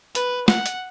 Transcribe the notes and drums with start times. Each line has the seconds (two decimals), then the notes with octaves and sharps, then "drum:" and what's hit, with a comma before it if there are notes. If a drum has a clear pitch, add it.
0.15 B4, drum: hi-hat
0.48 F#5, drum: snare
0.66 drum: hi-hat